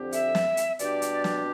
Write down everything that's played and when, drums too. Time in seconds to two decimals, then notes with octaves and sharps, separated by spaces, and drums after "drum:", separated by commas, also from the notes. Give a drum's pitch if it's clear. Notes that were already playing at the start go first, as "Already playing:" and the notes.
Already playing: F2 D3 F3 C4 G4
0.12 E5, drum: hi-hat
0.35 drum: snare
0.57 drum: hi-hat
0.79 B2 G3 D4 G4 D5, drum: hi-hat
1.02 drum: hi-hat
1.24 drum: snare